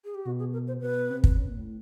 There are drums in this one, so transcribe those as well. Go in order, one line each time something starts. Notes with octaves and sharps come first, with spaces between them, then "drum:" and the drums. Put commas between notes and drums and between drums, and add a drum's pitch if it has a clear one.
G#4
G4
B2 F#4
G#4
A#4
C5
B2 B4
C3
drum: kick
C#3
A#2
A2